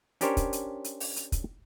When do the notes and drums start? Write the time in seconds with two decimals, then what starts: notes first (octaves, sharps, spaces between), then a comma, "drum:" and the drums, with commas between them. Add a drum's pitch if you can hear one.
0.21 C#4 D4 G4 A#4 C5 C#5, drum: hi-hat
0.37 drum: kick, hi-hat
0.53 drum: hi-hat
0.84 drum: hi-hat
1.00 drum: open hi-hat
1.16 drum: hi-hat
1.32 drum: kick, hi-hat